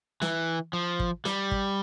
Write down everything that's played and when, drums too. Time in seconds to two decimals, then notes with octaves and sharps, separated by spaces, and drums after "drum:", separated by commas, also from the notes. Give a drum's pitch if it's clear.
0.22 E3, drum: snare
0.73 F3
0.99 drum: kick
1.25 G3, drum: snare
1.51 drum: kick